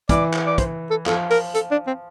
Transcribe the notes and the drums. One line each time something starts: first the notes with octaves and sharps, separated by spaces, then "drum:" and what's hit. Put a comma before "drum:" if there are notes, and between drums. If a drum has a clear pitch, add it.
E3 D5, drum: kick, hi-hat
drum: clap
D5
C5, drum: kick, hi-hat
A4
F3 A4, drum: clap
A#4, drum: open hi-hat
A4, drum: hi-hat
D4
C4